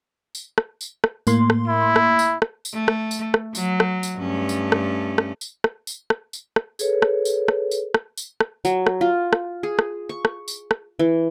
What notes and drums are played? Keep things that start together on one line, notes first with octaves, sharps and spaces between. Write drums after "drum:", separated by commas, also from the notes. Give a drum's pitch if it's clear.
drum: tambourine
drum: rim click
drum: tambourine
drum: rim click
A2 A#3 C6, drum: tambourine
drum: rim click
E4
drum: rim click
drum: tambourine
drum: rim click
drum: tambourine
A3
drum: rim click
drum: tambourine
drum: rim click
F#3, drum: tambourine
drum: rim click
drum: tambourine
G2 A3 C#4
drum: tambourine
drum: rim click
drum: rim click
drum: tambourine
drum: rim click
drum: tambourine
drum: rim click
drum: tambourine
drum: rim click
G#4 A4 B4 C#5, drum: tambourine
drum: rim click
drum: tambourine
drum: rim click
drum: tambourine
drum: rim click
drum: tambourine
drum: rim click
F#3, drum: tambourine
drum: rim click
F4
drum: rim click
G#4
drum: rim click
C#6
drum: rim click
drum: tambourine
drum: rim click
E3